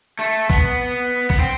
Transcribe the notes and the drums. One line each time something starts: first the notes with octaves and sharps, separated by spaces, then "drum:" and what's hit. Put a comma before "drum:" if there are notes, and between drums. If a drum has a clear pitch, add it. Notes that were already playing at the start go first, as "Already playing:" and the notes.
A3
B3, drum: kick A1
B3, drum: kick A1
C4